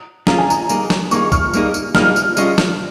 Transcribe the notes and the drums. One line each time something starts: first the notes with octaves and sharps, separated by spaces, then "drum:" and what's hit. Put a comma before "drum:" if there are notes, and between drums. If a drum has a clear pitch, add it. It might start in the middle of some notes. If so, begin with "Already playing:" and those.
A#3 C#4 F4 G#4 A#5, drum: snare
G#5
A#5, drum: tambourine
G3 A#3 D#4 G#4, drum: tambourine
drum: snare
G3 A#3 D#4 G#4 C#6, drum: tambourine
F6, drum: kick, tambourine
G3 A#3 D#4 G#4, drum: tambourine
drum: tambourine
G3 A#3 D#4 G#4 F6, drum: snare
drum: tambourine
G3 C#4 F4 G#4 D#5, drum: tambourine
drum: snare